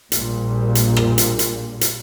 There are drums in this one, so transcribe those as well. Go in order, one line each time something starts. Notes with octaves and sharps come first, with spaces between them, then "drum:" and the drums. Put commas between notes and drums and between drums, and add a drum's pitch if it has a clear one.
A#1 A#2 G3, drum: hi-hat
drum: hi-hat
drum: rim click
drum: hi-hat
drum: hi-hat
drum: hi-hat